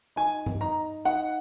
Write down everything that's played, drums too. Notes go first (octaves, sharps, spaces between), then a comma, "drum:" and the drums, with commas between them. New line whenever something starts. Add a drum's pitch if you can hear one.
D#4 G#5
drum: tom G2
D#4 A#5
D#4 F#5